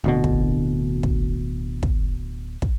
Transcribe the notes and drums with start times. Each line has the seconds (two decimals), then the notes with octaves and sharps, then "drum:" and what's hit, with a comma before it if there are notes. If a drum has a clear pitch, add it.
0.04 D1 D2 B2
0.24 drum: kick
1.03 drum: kick
1.83 drum: kick
2.62 drum: kick